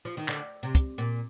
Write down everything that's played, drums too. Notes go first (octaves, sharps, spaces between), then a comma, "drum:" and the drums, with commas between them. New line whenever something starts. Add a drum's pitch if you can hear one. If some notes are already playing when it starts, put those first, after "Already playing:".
F3
D#3
D3, drum: clap
C3
drum: kick, hi-hat
A#2